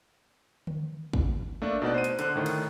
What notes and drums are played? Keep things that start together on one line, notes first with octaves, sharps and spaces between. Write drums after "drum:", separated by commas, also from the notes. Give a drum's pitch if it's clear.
drum: tom D3
drum: kick G#1
A3 A#3 D4
B2 D#4 B4 D5 F#5 F#6
C5 D#7
drum: hi-hat
D3 C5 F#6, drum: hi-hat
A2 D#3 A3
drum: cymbal